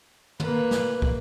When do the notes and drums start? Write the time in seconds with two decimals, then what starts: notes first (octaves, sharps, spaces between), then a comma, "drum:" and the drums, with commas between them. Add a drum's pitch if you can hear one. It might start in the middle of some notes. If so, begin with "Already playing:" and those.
0.40 A#3 B4, drum: tom
0.71 drum: snare
1.02 drum: kick